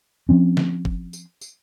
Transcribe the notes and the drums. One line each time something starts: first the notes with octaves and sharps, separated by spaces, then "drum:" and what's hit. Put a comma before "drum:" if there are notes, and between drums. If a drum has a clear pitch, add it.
F3 C4 C#4
drum: snare
drum: kick
drum: tambourine
drum: tambourine